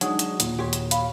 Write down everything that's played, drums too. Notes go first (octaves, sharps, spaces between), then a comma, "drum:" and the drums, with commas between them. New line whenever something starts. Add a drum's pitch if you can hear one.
F#3 G#3 D4 D#4 F#5 D#6, drum: hi-hat
drum: hi-hat
D#2 A#2, drum: hi-hat
F#4 G4 C#5
drum: hi-hat
F5 B5, drum: hi-hat